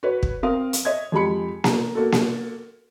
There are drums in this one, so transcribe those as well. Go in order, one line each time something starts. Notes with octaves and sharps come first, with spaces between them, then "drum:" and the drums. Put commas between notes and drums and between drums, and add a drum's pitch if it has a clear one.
F#4 B4 C#5
drum: kick
C4 A#4 F5 D#6
drum: hi-hat
C#5 D#5 E5 G#6
F2 G#3 G4 B5 C#7
A#5, drum: snare A#3
A#3 F#4 A4
drum: snare A#3